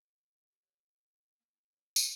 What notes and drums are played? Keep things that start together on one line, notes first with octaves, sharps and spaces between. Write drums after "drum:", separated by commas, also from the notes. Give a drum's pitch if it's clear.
C5
E3
G4
C#5
C5
A3
A#3
E4
C#5
D#4, drum: tambourine